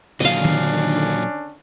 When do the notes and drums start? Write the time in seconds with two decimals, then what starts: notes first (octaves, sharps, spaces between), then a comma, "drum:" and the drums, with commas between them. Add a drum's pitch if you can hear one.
0.20 A#2 D3 D#3 F#3 C#4 D4 D#5 F5, drum: hi-hat
0.45 drum: tom D#3